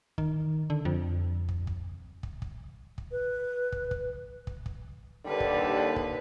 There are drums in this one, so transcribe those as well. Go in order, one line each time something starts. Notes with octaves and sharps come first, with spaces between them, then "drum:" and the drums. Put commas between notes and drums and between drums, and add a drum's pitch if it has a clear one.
D#3, drum: kick
D3
F2
drum: kick
drum: kick
drum: kick
drum: kick
drum: kick
B4
drum: kick
drum: kick
drum: kick
drum: kick
D#2 D3 G3 B4
drum: kick
drum: kick